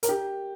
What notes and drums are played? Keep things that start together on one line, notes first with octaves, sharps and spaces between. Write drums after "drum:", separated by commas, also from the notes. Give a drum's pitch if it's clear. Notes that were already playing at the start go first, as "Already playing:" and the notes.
A#4, drum: hi-hat
G4